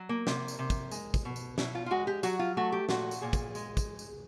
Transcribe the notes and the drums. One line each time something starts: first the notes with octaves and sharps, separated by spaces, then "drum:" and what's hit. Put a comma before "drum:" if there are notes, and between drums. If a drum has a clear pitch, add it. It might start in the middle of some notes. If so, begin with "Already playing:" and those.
Already playing: F#3
A#3
C3, drum: snare
drum: tambourine
C3
drum: kick, tambourine
G#3, drum: tambourine
drum: kick, tambourine
B2
drum: tambourine
B2 E4, drum: snare
F4
F4
G#3 F#4
G4
F#3 F#4, drum: tambourine
F4
A3 F#4
G4
A#2 F#4, drum: snare
drum: tambourine
A#2 G#4
drum: kick, tambourine
G#3, drum: tambourine
drum: kick, tambourine
drum: tambourine